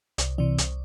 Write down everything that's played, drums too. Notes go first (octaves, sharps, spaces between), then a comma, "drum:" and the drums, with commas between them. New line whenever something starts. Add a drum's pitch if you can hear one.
C2 D5, drum: hi-hat
C3 E3 D5
C2, drum: hi-hat